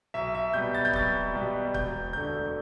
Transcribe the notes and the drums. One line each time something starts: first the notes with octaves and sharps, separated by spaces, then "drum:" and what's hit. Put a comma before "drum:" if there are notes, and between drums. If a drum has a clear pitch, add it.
B1 E5
E5
B2 G3 B3 G6
A6
G6
B1 A6, drum: kick C#1
B2 G3 B3
E1 G6, drum: kick C#1
D2 D3 A3 G6